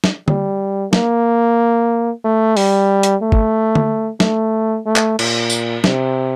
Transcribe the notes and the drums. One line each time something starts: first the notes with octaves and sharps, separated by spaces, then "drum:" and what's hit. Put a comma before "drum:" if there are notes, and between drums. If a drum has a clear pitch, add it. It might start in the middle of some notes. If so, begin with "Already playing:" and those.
drum: snare
G3, drum: tom D3
A#3, drum: snare
A3
G3, drum: open hi-hat
drum: hi-hat
A3
drum: kick
drum: tom D3
A3, drum: snare
A3
drum: clap
A#2, drum: cymbal
drum: tambourine
C3, drum: snare